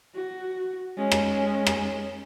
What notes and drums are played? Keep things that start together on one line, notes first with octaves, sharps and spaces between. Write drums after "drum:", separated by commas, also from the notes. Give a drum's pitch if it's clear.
F#4
G#3 C#4
drum: rim click
drum: rim click